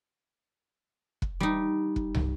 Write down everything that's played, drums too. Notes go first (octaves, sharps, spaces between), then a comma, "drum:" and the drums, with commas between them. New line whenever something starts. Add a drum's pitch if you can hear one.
drum: kick
G3 D#4
drum: kick
drum: tom